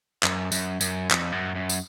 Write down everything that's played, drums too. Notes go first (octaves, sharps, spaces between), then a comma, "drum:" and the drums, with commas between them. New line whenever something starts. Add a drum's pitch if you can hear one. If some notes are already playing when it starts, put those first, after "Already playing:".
F#2, drum: clap
F#2, drum: tambourine
F#2, drum: tambourine
F2, drum: clap
F#2
F#2
drum: tambourine